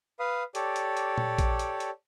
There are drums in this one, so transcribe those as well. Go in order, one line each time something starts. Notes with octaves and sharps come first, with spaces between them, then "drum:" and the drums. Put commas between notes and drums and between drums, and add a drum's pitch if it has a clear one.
B4 F5 D#6
G4 A4 C#5 D5, drum: hi-hat
drum: hi-hat
drum: hi-hat
drum: tom A#2
drum: kick, hi-hat
drum: hi-hat
drum: hi-hat